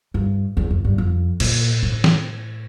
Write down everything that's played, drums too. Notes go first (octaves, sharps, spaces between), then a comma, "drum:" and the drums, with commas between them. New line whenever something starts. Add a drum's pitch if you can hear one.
G2
E2
F2
G2
F2
A#2, drum: cymbal
A2
drum: snare